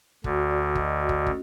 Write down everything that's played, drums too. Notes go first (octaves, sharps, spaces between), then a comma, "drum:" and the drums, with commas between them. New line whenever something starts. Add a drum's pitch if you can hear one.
D2 D3 F#4, drum: kick
D5
D#5, drum: kick
F#4
drum: kick
C#4, drum: kick